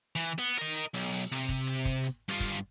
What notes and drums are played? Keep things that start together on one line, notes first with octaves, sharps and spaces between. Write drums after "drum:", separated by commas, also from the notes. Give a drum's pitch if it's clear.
E3
B3, drum: hi-hat
A#4 D#5, drum: hi-hat
drum: hi-hat
B1
drum: open hi-hat
C3, drum: hi-hat
drum: kick, hi-hat
drum: hi-hat
drum: kick, hi-hat
drum: hi-hat
G2 F4
drum: kick, hi-hat